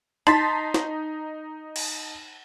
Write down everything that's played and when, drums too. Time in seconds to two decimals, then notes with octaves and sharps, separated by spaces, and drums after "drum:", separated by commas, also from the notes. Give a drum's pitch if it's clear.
0.27 D#4 A5 C6 A6 B6, drum: rim click
0.74 drum: snare
1.76 drum: cymbal